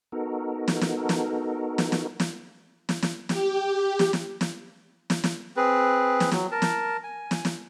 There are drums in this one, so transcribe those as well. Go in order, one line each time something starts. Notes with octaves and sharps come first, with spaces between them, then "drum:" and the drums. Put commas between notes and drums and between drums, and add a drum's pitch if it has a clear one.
B3 D#4 F#4 A4 A#4
drum: snare
drum: snare
drum: snare
drum: snare
drum: snare
drum: snare
drum: snare
drum: snare
G4, drum: snare
drum: snare
drum: snare
drum: snare
drum: snare
drum: snare
C4 G#4 B4
drum: snare
F#3, drum: snare
A#4 A5
drum: snare
G#5
drum: snare
drum: snare